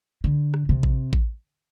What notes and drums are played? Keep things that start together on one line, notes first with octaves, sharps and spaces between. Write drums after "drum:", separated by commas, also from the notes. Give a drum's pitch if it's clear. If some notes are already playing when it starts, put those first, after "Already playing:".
D3
drum: rim click
C3
drum: kick A1
drum: kick A1